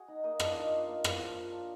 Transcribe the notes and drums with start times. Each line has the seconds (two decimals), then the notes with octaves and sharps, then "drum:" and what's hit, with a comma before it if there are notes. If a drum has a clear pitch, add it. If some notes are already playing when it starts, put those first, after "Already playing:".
Already playing: F#4 G#4
0.08 D#4
0.23 A#3 D#4 D#5
0.40 A#3 D4 D5, drum: rim click
0.55 D#4 F4 D#5
0.71 D4 F4 F5
0.88 A#3
1.04 A#3, drum: rim click
1.20 F3
1.36 F4
1.52 D4